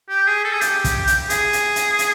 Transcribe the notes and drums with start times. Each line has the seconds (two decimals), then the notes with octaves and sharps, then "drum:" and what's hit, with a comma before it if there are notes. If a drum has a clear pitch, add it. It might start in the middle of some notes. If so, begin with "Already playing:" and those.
0.10 G4
0.28 G#4
0.44 A4
0.53 G#4
0.61 G4, drum: hi-hat
0.84 drum: kick, hi-hat
1.07 drum: hi-hat
1.30 G#4, drum: hi-hat
1.53 drum: hi-hat
1.76 drum: hi-hat
1.99 drum: hi-hat